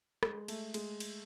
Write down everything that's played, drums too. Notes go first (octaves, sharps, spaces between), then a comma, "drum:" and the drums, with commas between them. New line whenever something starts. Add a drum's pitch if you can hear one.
G#3, drum: rim click
A3, drum: cymbal
G#3, drum: cymbal
drum: cymbal